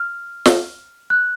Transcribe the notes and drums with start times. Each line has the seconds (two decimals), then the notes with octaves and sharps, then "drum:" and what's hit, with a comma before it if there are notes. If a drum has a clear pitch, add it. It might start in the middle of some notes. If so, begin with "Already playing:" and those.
Already playing: F6
0.46 drum: snare
1.10 F#6